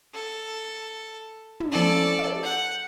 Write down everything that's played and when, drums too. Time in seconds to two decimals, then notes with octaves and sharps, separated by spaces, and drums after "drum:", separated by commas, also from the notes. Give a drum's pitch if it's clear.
0.14 A4
1.60 drum: tom
1.71 F3 C#4 E4 A4 D5
2.19 drum: tom
2.43 F#5 G6